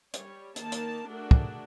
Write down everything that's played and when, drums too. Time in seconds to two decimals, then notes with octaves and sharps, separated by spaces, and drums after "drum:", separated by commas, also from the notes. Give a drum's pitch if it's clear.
0.14 G3 C#5, drum: hi-hat
0.56 D#3 A#3 A5, drum: hi-hat
0.72 drum: hi-hat
1.06 A3 D4 F#4 G#4 A#4
1.31 drum: kick